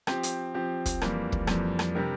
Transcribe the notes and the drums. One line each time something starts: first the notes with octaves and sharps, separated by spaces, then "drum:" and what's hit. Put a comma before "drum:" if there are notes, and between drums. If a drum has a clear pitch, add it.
F3 C4 G4, drum: rim click
drum: hi-hat
F3 C4 G4
drum: kick, hi-hat
F2 E3 G3 A#3, drum: rim click
drum: kick
F2 E3 G3 A#3, drum: rim click
drum: rim click
C3 G3 D4 G4 A#4